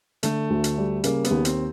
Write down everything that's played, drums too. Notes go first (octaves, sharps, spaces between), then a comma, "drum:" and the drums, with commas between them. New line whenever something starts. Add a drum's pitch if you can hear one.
D3 A3, drum: hi-hat
D2
drum: hi-hat
G3
C#3 A#3, drum: hi-hat
B3, drum: hi-hat
D#2
C4, drum: hi-hat